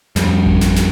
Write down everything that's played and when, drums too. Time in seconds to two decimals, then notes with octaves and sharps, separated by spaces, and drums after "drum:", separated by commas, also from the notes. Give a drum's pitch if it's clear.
0.16 F2 G3, drum: snare
0.46 drum: kick G#1
0.61 drum: snare
0.76 drum: snare